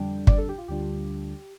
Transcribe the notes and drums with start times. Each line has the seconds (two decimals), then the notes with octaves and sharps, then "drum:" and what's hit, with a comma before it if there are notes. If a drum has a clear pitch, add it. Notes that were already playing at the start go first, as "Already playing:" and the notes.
Already playing: F2 D3 G3 D4 G5
0.27 D5, drum: kick
0.38 A4
0.49 G4
0.58 F4
0.68 D2 D3 G3 D4 F4 G4